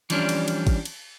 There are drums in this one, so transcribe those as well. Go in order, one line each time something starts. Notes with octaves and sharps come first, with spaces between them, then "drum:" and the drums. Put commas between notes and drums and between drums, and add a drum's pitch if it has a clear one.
E3 F3 G3 C#4 D4, drum: cymbal
drum: cymbal
drum: cymbal
drum: kick, cymbal
drum: cymbal